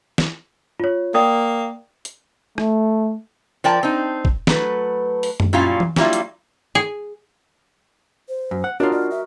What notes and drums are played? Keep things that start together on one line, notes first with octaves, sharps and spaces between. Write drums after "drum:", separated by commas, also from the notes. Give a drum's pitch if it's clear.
drum: snare
F4 C#5
A#3 D5 G5 D#6
drum: hi-hat
A3, drum: rim click
F3 A#4 D5 G5 A5
C4 D#4
drum: kick
F#3 A3 B4, drum: snare
drum: open hi-hat
drum: tom F#2
A#2 F#3 G3 C#4 E4 F4
drum: tom E3
F#3 G3 A#3 E4 F4, drum: snare
drum: hi-hat
G#4
C5
F#2
F#5
D4 F4 F#4 A#4 C#5 D#5
F#4 D5
E5